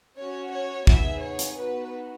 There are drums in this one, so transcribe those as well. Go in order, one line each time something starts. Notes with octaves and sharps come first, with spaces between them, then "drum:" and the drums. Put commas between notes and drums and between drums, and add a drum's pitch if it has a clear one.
C#4 F#4 C#5
C#5
B3 D#4 G#4 E5, drum: kick
C#5
drum: hi-hat
B3 D#4 F#4 B4